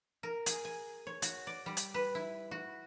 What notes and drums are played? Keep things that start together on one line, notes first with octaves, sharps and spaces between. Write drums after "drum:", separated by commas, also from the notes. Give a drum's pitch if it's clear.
A#4
G#4, drum: hi-hat
G#5
C#5
F#4, drum: hi-hat
D5
G3
drum: hi-hat
B4
E4
F#4